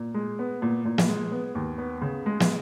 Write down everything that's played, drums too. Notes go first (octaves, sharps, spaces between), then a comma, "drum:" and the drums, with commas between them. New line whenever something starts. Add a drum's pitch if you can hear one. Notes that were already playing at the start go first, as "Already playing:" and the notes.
Already playing: A#2
G#3
B3
A#2
A#2
drum: snare
G#3
B3
D#2
B3
C#3
G#3
drum: snare